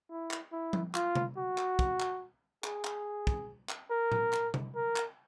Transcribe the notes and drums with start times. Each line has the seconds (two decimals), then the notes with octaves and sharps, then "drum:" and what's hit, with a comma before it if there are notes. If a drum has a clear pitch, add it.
0.10 E4
0.31 drum: clap
0.52 E4
0.73 drum: tom F3
0.95 F4, drum: clap
1.15 drum: tom C3
1.37 F#4
1.58 drum: clap
1.79 drum: kick
2.00 drum: clap
2.64 G#4, drum: clap
2.85 drum: clap
3.27 drum: kick
3.69 drum: clap
3.91 A#4
4.12 drum: tom A2
4.33 drum: clap
4.54 drum: tom C3
4.76 A#4
4.96 drum: clap